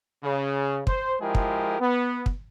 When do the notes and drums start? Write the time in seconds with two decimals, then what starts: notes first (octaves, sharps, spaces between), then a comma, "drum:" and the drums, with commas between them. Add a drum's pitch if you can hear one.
0.23 C#3
0.87 C5, drum: kick
1.21 F3 G#3 E4 G4 G#4 A#4
1.35 drum: kick
1.80 B3
2.26 drum: kick